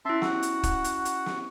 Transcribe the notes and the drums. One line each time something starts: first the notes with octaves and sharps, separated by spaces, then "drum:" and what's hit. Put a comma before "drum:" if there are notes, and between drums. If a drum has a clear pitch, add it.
C#4 E4 E5 A5 C6
F#4 F#5, drum: snare
drum: hi-hat
drum: kick, hi-hat
drum: hi-hat
drum: hi-hat
drum: snare